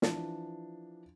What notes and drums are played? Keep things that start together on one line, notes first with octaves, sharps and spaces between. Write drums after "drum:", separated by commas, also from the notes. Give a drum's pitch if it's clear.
E3 F3 D4, drum: snare